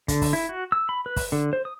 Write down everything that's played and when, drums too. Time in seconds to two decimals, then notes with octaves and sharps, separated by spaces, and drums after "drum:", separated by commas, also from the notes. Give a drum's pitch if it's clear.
0.08 D3, drum: kick, hi-hat
0.22 drum: kick, open hi-hat
0.33 E4
0.49 F#4
0.72 E6
0.89 B5
1.06 B4
1.16 drum: kick, open hi-hat
1.32 D3
1.53 C5
1.65 D#6